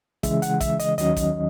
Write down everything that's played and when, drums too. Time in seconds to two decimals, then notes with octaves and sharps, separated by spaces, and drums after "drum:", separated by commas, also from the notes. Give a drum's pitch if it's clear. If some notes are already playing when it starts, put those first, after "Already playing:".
0.23 C#3 E3 G#3 E5, drum: kick, hi-hat
0.42 F#5, drum: hi-hat
0.60 E5, drum: kick, hi-hat
0.80 D#5, drum: hi-hat
0.98 D#2 D#3 F#3 C#4 D#5, drum: hi-hat
1.16 drum: kick, hi-hat